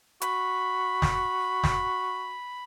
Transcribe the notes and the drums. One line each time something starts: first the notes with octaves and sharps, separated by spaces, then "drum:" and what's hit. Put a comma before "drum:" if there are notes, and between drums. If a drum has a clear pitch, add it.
F#4 B5, drum: hi-hat
drum: snare
drum: snare